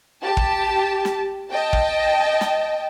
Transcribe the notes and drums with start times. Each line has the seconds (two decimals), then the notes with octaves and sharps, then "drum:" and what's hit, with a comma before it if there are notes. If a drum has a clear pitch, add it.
0.23 G4 A5
0.37 drum: kick
1.05 drum: snare
1.50 D#5 G5 A5
1.73 drum: kick
2.41 drum: snare